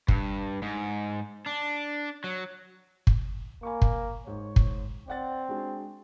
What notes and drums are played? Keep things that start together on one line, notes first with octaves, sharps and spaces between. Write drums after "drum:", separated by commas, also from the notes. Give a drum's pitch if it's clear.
G2, drum: kick
G#2
D4
F#3
drum: kick
A#3 G#5 B5 C#6
drum: kick
G#2 C#5
drum: kick
C4 D5 F#5 A6
G#3 D4 F#4